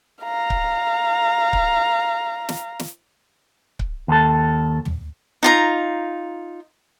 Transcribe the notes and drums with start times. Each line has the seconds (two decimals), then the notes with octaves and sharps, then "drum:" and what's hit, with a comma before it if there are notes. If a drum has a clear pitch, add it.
0.23 F5 A#5
0.50 drum: kick C#1
1.53 drum: kick C#1
2.49 drum: snare
2.79 drum: snare
3.79 drum: kick C#1
4.08 D#2 A4
4.85 drum: tom
5.43 D#4 F4 A#5